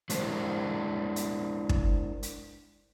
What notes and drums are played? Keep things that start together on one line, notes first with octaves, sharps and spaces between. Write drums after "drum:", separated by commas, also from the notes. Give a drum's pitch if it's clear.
F#3 G#3 D4 E4 A#4 C5, drum: hi-hat
drum: hi-hat
drum: kick
drum: hi-hat